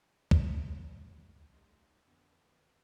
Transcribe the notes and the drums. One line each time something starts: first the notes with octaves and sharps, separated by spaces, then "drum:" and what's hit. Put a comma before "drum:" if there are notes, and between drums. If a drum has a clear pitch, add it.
D#3 G#5, drum: kick
F#4 C#5
G3 A3 A#3 C#4 D#4 F4
A1 F2 D3 B3